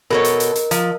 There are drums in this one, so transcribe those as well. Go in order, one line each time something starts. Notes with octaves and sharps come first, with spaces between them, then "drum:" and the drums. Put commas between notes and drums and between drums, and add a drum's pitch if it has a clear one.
B2 A4 A#4 C#5 D#5
drum: hi-hat
drum: hi-hat
drum: hi-hat
F3, drum: hi-hat